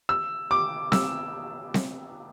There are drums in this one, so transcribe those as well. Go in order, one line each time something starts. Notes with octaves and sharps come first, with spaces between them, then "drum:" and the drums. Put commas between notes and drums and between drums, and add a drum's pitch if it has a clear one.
E6
D6
E6, drum: snare C4
drum: snare C4